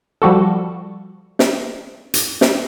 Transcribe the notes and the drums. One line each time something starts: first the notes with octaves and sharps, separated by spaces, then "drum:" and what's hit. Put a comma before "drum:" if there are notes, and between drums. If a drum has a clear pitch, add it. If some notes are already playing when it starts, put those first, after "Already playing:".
F3 G3 F#4 A4
drum: snare
drum: hi-hat
drum: snare